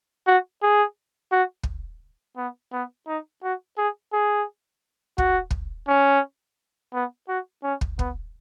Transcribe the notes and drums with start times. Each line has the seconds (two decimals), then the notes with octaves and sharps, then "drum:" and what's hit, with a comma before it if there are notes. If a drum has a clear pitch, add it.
0.27 F#4
0.63 G#4
1.32 F#4
1.63 drum: kick
2.37 B3
2.73 B3
3.08 D#4
3.43 F#4
3.78 G#4
4.13 G#4
5.18 F#4, drum: kick
5.51 drum: kick
5.88 C#4
6.94 B3
7.28 F#4
7.63 C#4
7.81 drum: kick
7.99 B3, drum: kick